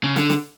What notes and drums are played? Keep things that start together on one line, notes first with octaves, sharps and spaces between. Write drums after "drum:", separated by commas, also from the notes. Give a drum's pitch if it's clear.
C#3
D3, drum: snare
drum: snare